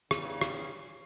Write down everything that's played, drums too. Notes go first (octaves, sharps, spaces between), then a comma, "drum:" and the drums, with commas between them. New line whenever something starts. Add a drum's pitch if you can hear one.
E2 G2 C#3, drum: rim click
drum: rim click